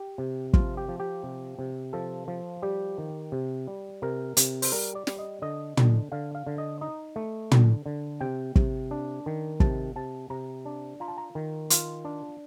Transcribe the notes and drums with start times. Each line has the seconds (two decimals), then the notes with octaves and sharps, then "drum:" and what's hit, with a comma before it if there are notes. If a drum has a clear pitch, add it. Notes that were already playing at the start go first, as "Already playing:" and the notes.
Already playing: G4
0.18 C3
0.54 F3 F4, drum: kick
0.77 G4
0.89 F3
1.00 G4
1.23 C3
1.59 C3
1.93 F3 A4
2.28 F3
2.62 G3 G4
2.98 D#3
3.32 C3
3.67 G3
4.02 C3 A#4
4.37 C3, drum: hi-hat
4.62 C5, drum: open hi-hat
4.72 G3 A#4
4.95 D5
5.07 G3, drum: snare
5.19 D#5
5.42 D3 D#5
5.77 D3, drum: tom
6.12 D3 F5
6.35 F5
6.46 D3
6.58 D#5
6.81 D#4 D#5
7.16 A3
7.51 D3, drum: tom
7.86 D3
8.20 C3 G5
8.56 C3, drum: kick
8.91 D4
9.26 D#3
9.60 C3 A5, drum: kick
9.96 C3 A5
10.30 C3 A#5
10.66 D4
11.00 F4 A#5
11.08 A5
11.18 A#5
11.35 D#3
11.70 F4, drum: hi-hat
12.05 D4